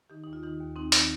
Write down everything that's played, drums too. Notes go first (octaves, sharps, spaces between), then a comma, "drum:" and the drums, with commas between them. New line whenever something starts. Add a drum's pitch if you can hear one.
D#3 D#4 G4
D#2 D#4
F4
D#3 D#4 G4
D#2
D#2 C4 D#4
D#3 C4 D#4, drum: hi-hat